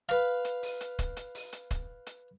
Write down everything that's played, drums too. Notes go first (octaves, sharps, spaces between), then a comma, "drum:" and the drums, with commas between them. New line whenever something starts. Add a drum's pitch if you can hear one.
B4 F5, drum: rim click
drum: hi-hat
drum: open hi-hat
drum: hi-hat
drum: kick, hi-hat
drum: hi-hat
drum: open hi-hat
drum: hi-hat
drum: kick, hi-hat
drum: hi-hat